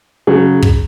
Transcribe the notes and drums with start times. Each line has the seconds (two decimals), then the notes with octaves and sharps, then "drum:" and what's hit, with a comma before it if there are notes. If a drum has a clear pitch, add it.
0.27 C#3 F#3
0.62 drum: kick